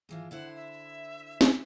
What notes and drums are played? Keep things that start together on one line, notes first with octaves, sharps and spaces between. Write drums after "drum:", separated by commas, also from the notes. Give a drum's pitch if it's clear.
G#2 E3 F3
D3 E4 C5 F#5
E5
drum: snare